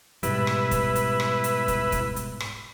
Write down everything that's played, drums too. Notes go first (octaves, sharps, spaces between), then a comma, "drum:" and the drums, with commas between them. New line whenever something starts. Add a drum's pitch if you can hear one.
G#2 B2 G3 E4 B4, drum: hi-hat
drum: rim click
drum: kick, hi-hat
drum: hi-hat
drum: rim click
drum: hi-hat
drum: kick, hi-hat
drum: kick, hi-hat
drum: hi-hat
drum: rim click